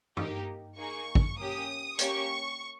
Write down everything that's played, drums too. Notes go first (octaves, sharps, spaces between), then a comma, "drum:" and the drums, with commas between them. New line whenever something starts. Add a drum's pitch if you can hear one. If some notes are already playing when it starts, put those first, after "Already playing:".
A#3 D#4 G4, drum: tom G2
A#3 D#4 G#4 C#6
drum: kick
A#3 C#4 G4 D#6
A#3 C#4 G4 C#6, drum: hi-hat